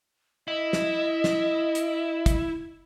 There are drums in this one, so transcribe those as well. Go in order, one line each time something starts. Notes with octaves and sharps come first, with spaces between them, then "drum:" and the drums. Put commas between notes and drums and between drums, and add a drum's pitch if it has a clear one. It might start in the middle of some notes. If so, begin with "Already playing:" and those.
E4 D#5
drum: snare
drum: snare
drum: hi-hat
drum: kick, hi-hat